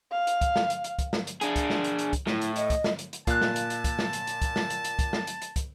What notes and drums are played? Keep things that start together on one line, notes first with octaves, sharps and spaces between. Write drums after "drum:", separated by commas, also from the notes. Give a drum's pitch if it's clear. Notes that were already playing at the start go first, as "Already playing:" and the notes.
F5
drum: hi-hat
drum: kick, hi-hat
drum: snare
drum: hi-hat
drum: hi-hat
drum: kick, hi-hat
drum: snare
drum: hi-hat
D4 G#4, drum: hi-hat
drum: kick, hi-hat
drum: snare
drum: hi-hat
drum: hi-hat
drum: kick, hi-hat
A2 E4, drum: snare
drum: hi-hat
D#5, drum: hi-hat
drum: kick, hi-hat
drum: snare
drum: hi-hat
drum: hi-hat
A#2 F5 A5 F#6, drum: kick, hi-hat
drum: snare
drum: hi-hat
drum: hi-hat
drum: kick, hi-hat
drum: snare
drum: hi-hat
drum: hi-hat
drum: kick, hi-hat
drum: snare
drum: hi-hat
drum: hi-hat
drum: kick, hi-hat
drum: snare
drum: hi-hat
drum: hi-hat
drum: kick, hi-hat